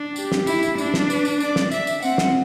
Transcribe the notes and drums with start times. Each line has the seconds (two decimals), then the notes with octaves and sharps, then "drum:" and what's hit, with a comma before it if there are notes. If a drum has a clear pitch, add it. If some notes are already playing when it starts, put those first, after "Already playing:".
Already playing: D4
0.16 G4, drum: tambourine
0.32 drum: snare
0.47 E4, drum: tambourine
0.63 drum: tambourine
0.78 D4, drum: tambourine
0.94 drum: snare
1.10 B4, drum: tambourine
1.25 drum: tambourine
1.40 D5, drum: tambourine
1.56 drum: snare
1.71 E5, drum: tambourine
1.87 drum: tambourine
2.02 C4 F#5, drum: tambourine
2.18 drum: snare